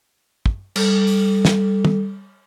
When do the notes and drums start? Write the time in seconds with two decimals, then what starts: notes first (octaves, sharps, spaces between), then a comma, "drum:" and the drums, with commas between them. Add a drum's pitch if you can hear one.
0.46 drum: kick
0.76 G3 A4, drum: cymbal
1.07 drum: open hi-hat
1.45 drum: snare
1.85 drum: tom